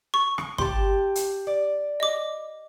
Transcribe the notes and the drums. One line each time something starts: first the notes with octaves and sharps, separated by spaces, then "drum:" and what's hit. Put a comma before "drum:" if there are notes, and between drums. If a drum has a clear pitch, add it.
C#6
drum: rim click
G4 A5 C6, drum: kick
drum: hi-hat
D5
D#5 D6